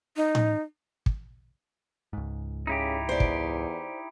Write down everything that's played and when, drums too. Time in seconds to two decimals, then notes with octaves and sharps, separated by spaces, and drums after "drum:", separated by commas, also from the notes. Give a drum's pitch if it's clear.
0.16 D#4
0.35 drum: tom A2
1.06 drum: kick
2.13 C#2 G#2
2.67 C#3 D#4 E4 G4
3.09 E2 C5 D5
3.20 drum: kick